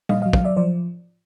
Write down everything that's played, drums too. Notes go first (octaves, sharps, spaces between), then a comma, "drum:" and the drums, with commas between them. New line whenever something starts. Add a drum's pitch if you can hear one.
A#2 D#5 F5, drum: tom G3
D#5 F5
F#3
F5, drum: kick
F#3 D5 E5
F3 C5 D5